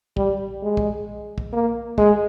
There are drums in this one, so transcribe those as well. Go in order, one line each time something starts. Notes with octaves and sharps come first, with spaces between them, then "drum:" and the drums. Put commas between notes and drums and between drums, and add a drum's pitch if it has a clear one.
G3, drum: kick
G#3
drum: kick
drum: kick
A#3
G#3, drum: kick